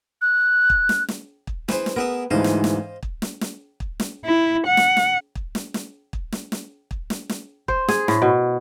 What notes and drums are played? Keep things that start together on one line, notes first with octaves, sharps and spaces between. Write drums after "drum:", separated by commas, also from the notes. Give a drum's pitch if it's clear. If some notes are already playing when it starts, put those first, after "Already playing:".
F#6
drum: kick
drum: snare
drum: snare
drum: kick
E3 G#4 B4 C5, drum: snare
drum: snare
B3 G#4 A#4 B4 E5
D2 G#2 E3 G3 C5 D#5 F5
drum: snare
drum: snare
drum: kick
drum: snare
drum: snare
drum: kick
drum: snare
E4
F#5
drum: snare
drum: snare
drum: kick
drum: snare
drum: snare
drum: kick
drum: snare
drum: snare
drum: kick
drum: snare
drum: snare
C5, drum: kick
G#4, drum: snare
A2, drum: snare
B2